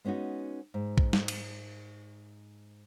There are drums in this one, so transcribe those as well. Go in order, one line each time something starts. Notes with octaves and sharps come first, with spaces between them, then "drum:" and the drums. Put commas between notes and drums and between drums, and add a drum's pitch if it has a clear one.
G#3 B3 C#4 D#4 F#4
G#2
drum: kick A#1
drum: snare
drum: cymbal